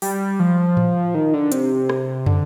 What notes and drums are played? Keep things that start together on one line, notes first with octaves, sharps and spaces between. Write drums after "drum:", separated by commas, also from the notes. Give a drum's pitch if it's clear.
G3, drum: open hi-hat
F3
drum: tom A2
D#3
D3
C3, drum: hi-hat
drum: rim click
D3, drum: tom